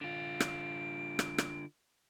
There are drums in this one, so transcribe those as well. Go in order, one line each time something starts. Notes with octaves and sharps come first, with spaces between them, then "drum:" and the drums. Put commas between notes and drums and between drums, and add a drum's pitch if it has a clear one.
D3 F4 D7
drum: rim click
drum: rim click
drum: rim click